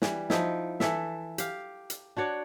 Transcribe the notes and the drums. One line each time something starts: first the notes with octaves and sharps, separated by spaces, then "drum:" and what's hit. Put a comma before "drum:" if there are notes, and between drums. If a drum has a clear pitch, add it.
E3 G3, drum: snare
F3 D#4 E4, drum: snare
E3 A4 E5, drum: snare
G4 F5, drum: hi-hat
drum: hi-hat
D4 F#4 C#5 D5